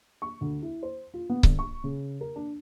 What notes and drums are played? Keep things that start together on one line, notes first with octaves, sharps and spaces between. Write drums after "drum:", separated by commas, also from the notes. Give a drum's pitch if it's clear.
C#6
D2
E4
C5
F4
B3
G1, drum: kick C#1
C#6
C#3
A#4
D4